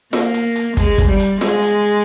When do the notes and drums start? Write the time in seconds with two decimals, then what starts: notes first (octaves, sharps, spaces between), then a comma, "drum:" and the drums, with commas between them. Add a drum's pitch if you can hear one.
0.13 A#3, drum: snare F4
0.34 drum: hi-hat
0.56 drum: hi-hat
0.77 G#3, drum: kick, hi-hat
0.98 drum: kick, hi-hat
1.09 G3
1.20 drum: hi-hat
1.41 G#3, drum: snare F4
1.62 drum: hi-hat